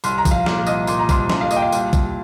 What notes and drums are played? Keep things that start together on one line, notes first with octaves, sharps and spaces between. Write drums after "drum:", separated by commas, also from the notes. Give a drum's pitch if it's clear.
C2 C6, drum: tambourine
A#5
F3, drum: kick, tambourine
F5
A#2 F5, drum: snare
C2 D#5, drum: tambourine
A#2 C6, drum: tambourine
A#5
C2 C6, drum: kick, tambourine
C2 C6, drum: snare
F5
A#2 D#5, drum: tambourine
G5
F5
C2, drum: tambourine
C2, drum: kick, tambourine